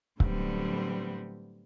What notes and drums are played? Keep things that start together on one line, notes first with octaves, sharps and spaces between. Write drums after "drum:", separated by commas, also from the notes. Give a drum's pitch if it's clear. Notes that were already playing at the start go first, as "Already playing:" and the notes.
A2 D3 F#3 G3 B3 C4, drum: kick C#1